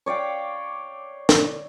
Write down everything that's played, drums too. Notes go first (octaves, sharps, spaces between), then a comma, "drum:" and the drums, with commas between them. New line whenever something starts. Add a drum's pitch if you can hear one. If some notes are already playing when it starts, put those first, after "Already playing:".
C#5 D5 F5 G5
drum: snare